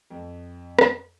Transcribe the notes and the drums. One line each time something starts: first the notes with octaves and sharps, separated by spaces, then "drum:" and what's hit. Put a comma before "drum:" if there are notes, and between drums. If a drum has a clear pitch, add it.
F2
drum: rim click